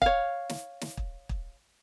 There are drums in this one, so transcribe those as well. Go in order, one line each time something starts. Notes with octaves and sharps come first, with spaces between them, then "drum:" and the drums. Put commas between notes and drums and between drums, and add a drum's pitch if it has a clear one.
C#5 F5, drum: kick
drum: snare
drum: snare
drum: kick
drum: kick